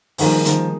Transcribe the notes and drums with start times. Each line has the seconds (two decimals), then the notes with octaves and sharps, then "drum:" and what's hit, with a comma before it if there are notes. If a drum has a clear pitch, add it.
0.18 D#3 F3 G3 A#3 D#4 G#4 B4, drum: open hi-hat
0.45 D#3 F3, drum: hi-hat